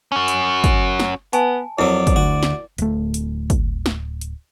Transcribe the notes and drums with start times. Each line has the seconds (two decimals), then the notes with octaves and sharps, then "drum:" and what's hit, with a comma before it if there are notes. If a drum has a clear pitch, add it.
0.12 C#4 F#4
0.28 drum: hi-hat
0.64 drum: kick, hi-hat
1.00 drum: snare
1.33 B3 G#5 A5, drum: hi-hat
1.79 F2 F#3 E4 A#4 D5
2.07 drum: kick, hi-hat
2.16 D2 F#4
2.43 drum: snare
2.78 D1 A3, drum: hi-hat
3.14 drum: hi-hat
3.50 drum: kick, hi-hat
3.86 drum: snare
4.21 drum: hi-hat